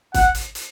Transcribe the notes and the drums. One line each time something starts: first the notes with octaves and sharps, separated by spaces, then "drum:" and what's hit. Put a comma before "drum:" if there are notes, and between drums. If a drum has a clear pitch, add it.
F#5, drum: kick, hi-hat
drum: hi-hat
drum: hi-hat